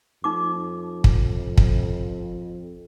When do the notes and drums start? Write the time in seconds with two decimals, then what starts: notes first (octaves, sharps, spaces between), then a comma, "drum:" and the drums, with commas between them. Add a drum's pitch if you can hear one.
0.24 F2 D#4 D6
1.04 drum: kick
1.58 drum: kick